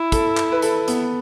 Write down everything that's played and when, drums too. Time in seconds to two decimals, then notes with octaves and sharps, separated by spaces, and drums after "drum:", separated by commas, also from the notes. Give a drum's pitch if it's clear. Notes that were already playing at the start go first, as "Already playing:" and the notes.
Already playing: E4
0.12 A4, drum: kick, hi-hat
0.37 drum: clap
0.52 B4
0.62 A4, drum: hi-hat
0.88 B3, drum: hi-hat